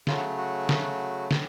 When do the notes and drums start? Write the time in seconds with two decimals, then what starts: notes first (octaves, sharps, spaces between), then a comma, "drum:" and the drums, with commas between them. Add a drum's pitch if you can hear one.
0.07 C#3 F#3 A3 F4, drum: snare
0.18 F#4
0.38 F#4
0.69 drum: snare
1.31 A2 E3, drum: snare